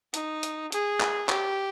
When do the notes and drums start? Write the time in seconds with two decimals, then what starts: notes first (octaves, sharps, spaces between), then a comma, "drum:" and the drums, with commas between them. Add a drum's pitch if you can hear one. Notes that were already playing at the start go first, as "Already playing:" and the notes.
0.14 D#4, drum: hi-hat
0.43 drum: hi-hat
0.72 G#4, drum: hi-hat
1.00 drum: clap
1.29 G4, drum: clap